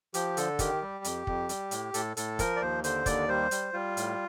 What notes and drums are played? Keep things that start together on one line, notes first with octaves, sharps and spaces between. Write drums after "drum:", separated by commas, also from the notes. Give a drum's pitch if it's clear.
F3 G4, drum: hi-hat
D3 A4, drum: hi-hat
D#3 G4, drum: kick, hi-hat
G3
F2, drum: hi-hat
F2, drum: kick
G3, drum: hi-hat
A2, drum: hi-hat
A2 A4, drum: hi-hat
A2 A4, drum: hi-hat
F3 A#4, drum: kick, hi-hat
D5
D#2 C5
D3 C5, drum: hi-hat
D#2 D5, drum: kick, hi-hat
G3 C5
G3, drum: hi-hat
G3 F4
A2, drum: hi-hat